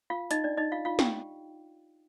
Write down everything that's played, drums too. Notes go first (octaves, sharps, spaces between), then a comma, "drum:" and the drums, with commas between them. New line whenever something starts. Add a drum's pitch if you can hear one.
F4 F5
D#4 D#5, drum: hi-hat
D4 D5
D#4 D#5
F4 F5
F4 F5
G4 G5, drum: snare